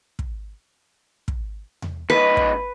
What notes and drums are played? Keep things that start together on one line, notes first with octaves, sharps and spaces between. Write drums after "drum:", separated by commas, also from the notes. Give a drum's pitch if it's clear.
drum: kick
drum: kick
drum: tom E2
C#2 D#4 B4
drum: kick